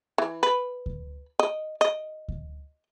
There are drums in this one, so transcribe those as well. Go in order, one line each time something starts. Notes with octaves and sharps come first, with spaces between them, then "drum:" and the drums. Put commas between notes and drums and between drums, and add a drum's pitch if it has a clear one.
E3
B4
drum: kick D2
D#5
D#5
drum: kick D2